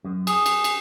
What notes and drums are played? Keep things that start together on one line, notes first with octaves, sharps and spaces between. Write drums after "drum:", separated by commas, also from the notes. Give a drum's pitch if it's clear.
F#2
G#4, drum: cymbal
drum: cymbal
drum: cymbal